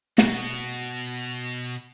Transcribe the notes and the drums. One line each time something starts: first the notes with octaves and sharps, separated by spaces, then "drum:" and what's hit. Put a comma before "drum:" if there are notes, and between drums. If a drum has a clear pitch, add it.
B2 F#4, drum: snare